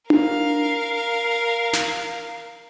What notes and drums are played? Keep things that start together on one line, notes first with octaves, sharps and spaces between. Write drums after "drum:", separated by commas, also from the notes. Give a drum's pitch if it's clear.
A#4 F5, drum: tom D4
drum: snare